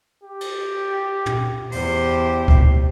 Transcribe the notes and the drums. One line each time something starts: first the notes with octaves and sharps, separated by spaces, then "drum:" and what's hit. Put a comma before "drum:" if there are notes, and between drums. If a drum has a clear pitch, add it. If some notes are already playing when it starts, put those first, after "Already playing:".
G4
drum: cymbal
drum: tom
E2 G4 C5, drum: open hi-hat
drum: kick C#2